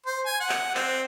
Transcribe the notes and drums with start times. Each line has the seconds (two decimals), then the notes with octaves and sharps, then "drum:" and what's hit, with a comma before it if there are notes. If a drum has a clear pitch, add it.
0.06 C5
0.26 G#5
0.40 F#5
0.49 drum: clap
0.75 C4, drum: clap